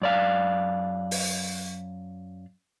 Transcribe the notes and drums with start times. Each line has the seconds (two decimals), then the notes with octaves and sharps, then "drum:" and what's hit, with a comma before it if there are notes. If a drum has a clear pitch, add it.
0.02 F#2 D5 F5
1.11 drum: open hi-hat